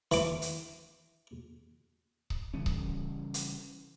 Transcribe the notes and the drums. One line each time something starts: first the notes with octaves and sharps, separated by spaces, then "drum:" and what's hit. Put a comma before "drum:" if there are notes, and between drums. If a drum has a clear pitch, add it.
E3 D6, drum: hi-hat
drum: hi-hat
drum: kick C#1
C#3 E3 G3 C#4
drum: kick C#1
drum: hi-hat